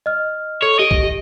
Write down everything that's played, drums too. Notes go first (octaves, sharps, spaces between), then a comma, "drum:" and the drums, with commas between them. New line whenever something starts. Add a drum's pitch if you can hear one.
D#5 F6
A4 C#5
G4 D#5 D7
drum: kick A#1
G4